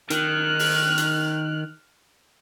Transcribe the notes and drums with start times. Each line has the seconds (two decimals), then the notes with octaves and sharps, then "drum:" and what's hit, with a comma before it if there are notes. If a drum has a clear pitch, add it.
0.10 D#3 F6 F#6, drum: hi-hat
0.59 drum: open hi-hat
0.98 drum: hi-hat